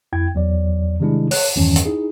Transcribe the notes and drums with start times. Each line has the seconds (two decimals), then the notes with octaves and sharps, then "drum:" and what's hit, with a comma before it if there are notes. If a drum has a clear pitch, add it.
0.13 F2 E4 G5 G#6
0.35 E2 F#3 D5
1.00 C3 D#3 G3 G#3 D4 E4
1.31 C#5 F#6, drum: open hi-hat
1.55 E2 G2 D#3 E3 G3 C#4
1.76 drum: hi-hat
1.85 D#4 E4 G#4